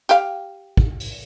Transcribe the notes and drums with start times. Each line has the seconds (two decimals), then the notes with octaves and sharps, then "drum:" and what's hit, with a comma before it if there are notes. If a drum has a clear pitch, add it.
0.09 G4 F5, drum: hi-hat
0.77 drum: kick
1.00 drum: open hi-hat